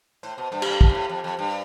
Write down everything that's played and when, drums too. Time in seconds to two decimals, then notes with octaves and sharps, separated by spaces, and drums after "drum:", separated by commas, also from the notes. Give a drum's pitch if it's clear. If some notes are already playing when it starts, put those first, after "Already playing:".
0.23 A2 C5
0.38 B2
0.52 G2 A4
0.62 G2 G4, drum: cymbal
0.71 A4
0.81 B2, drum: kick
0.89 G2
0.95 A2
1.09 F2
1.24 F2
1.39 G2